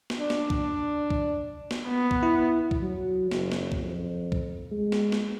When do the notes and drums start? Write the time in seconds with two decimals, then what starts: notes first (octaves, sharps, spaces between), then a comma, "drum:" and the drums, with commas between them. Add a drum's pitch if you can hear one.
0.10 drum: snare
0.20 D4
0.30 drum: snare
0.50 drum: kick
1.10 drum: kick
1.71 drum: snare
1.88 B3
2.11 drum: kick
2.23 E4
2.71 drum: kick
2.82 F#3
3.31 F#1, drum: snare
3.52 drum: snare
3.72 drum: kick
3.83 F2
4.32 drum: kick
4.72 G#3
4.92 drum: snare
5.12 drum: snare